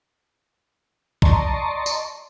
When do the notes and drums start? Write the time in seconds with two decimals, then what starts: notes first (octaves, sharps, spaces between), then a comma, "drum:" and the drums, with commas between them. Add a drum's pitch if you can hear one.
1.22 D5 D#5 A5 A#5 C6 C#6, drum: kick B1
1.86 drum: tambourine